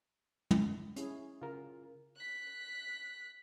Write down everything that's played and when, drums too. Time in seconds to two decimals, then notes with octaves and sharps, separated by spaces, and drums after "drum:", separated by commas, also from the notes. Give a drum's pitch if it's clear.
0.51 drum: tom
0.96 C#4 E4 G#4, drum: hi-hat
1.42 C#3 F4 A#4
2.16 F#6 B6